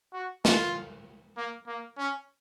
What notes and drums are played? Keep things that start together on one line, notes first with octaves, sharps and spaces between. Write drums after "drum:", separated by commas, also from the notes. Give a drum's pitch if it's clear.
F#4
F4, drum: snare
A#3
A#3
C#4